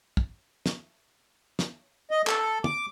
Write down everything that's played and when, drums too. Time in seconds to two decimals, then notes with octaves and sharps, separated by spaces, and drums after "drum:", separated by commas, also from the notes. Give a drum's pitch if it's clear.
0.17 drum: kick
0.66 drum: snare
1.59 drum: snare
2.11 D#5
2.27 A4, drum: clap
2.64 D6, drum: tom